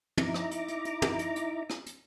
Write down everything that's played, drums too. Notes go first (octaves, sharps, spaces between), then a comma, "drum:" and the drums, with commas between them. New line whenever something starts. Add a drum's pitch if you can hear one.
D#4 E4 A#5 D6, drum: tom
drum: rim click
drum: hi-hat
drum: hi-hat
drum: hi-hat
drum: tom
drum: hi-hat
drum: hi-hat
drum: rim click
drum: hi-hat